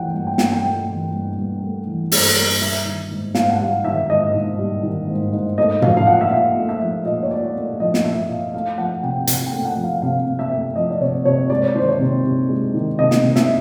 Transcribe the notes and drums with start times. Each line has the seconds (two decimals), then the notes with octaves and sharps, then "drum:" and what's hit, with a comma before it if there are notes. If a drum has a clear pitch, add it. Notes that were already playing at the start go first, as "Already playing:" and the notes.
Already playing: E3 A3 F#5 G5
0.14 G2
0.27 G5
0.38 G2 F#5, drum: snare
0.52 G5
0.63 A3
0.89 E3
1.13 G2
1.38 G2
1.62 A3
1.87 E3
2.12 G2, drum: open hi-hat
2.36 G2
2.61 G3 E5
2.85 D#3
3.11 G#2
3.35 G#2 F5, drum: snare
3.49 F#5
3.60 G3 F5
3.84 D#3 E5
4.09 G#2 D#5
4.34 G#2
4.59 G3
4.83 D#3
5.08 G#2
5.33 G#2
5.58 A3 D#5
5.82 F3 F5, drum: tom
5.97 F5
6.07 A#2 F#5
6.21 E5
6.31 A#2 F5
6.57 A3
6.69 E5
6.81 F3
7.06 A#2 D#5
7.23 C#5
7.31 A#2 D5
7.55 A3
7.80 F3 D#5
7.94 drum: snare
8.04 A#2 E5
8.29 A#2 F5
8.54 A3 F5
8.78 F3 F#5
9.03 C3 G5
9.27 C3 F#5, drum: hi-hat
9.46 G5
9.53 A3
9.65 F#5
9.77 F3
9.84 F5
10.02 C3 F5
10.27 C3
10.39 E5
10.51 A3
10.76 F3 D#5
10.90 D5
11.00 C3 C#5
11.25 C3 C#5
11.50 G#3 D5
11.63 C#5
11.75 D#3 C5
11.88 C#5
11.99 C3
12.25 C3
12.49 G#3
12.74 D#3
12.99 C3 D#5
13.11 drum: snare
13.23 C3
13.36 E5, drum: snare